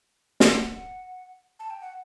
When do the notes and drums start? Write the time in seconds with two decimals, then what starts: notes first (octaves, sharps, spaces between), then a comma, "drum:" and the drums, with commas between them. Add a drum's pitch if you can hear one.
0.40 F#5, drum: snare
1.59 A5
1.70 G5
1.81 F#5